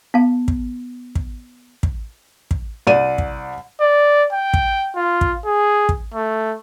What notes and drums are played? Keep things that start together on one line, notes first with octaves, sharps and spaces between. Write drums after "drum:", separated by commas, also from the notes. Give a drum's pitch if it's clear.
B3 F5
drum: kick
drum: kick
drum: kick
drum: kick
C2 D5 D#7
drum: kick
D5
G5
drum: kick
F4
drum: kick
G#4
drum: kick
A3